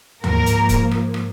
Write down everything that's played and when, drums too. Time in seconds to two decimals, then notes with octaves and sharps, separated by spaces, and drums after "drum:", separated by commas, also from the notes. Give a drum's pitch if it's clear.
0.24 G#2 F3 A#3 A#4, drum: tom D2
0.46 drum: hi-hat
0.69 drum: kick, hi-hat
0.91 drum: rim click
1.14 drum: rim click